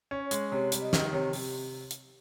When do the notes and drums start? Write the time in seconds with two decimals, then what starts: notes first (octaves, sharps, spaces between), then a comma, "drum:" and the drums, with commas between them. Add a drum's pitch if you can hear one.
0.11 C#4
0.21 C#5
0.31 G#3, drum: hi-hat
0.51 C3 C#5
0.72 G3, drum: hi-hat
0.82 D#5
0.93 D#3, drum: snare
1.13 C3 C#5
1.33 C3, drum: open hi-hat
1.91 drum: hi-hat